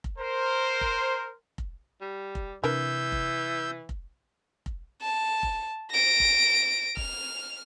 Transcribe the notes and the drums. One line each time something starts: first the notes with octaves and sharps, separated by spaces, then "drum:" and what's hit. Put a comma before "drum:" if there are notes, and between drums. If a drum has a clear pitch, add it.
drum: kick F1
A#4 C5
drum: kick F1
drum: kick F1
G3
drum: kick F1
C3 E3 D4 A#4 B4 E6 G6
drum: kick F1
drum: kick F1
drum: kick F1
A5
drum: kick F1
A#6 D7
drum: kick F1
F6, drum: kick F1